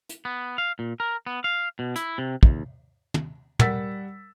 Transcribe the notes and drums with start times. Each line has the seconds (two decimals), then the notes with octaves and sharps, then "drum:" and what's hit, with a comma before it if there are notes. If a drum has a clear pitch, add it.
0.09 drum: hi-hat
0.25 B3
0.58 F5
0.79 A#2
1.00 A#4
1.27 B3
1.44 F5
1.79 B2
1.96 E4, drum: hi-hat
2.18 C3
2.43 D#2, drum: kick
3.14 drum: tom
3.59 G3 A#4 F#5 E6 A6 B6, drum: tom